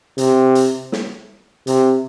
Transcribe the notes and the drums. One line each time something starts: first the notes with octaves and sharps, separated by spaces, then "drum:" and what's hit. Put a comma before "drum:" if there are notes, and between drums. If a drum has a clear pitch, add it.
C3, drum: hi-hat
drum: hi-hat
drum: snare
C3, drum: hi-hat